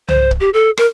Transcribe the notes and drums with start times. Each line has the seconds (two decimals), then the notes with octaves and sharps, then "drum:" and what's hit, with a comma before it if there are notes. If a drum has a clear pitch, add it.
0.08 C5, drum: tom C2
0.31 drum: kick
0.40 G4
0.54 A4
0.77 A#4, drum: rim click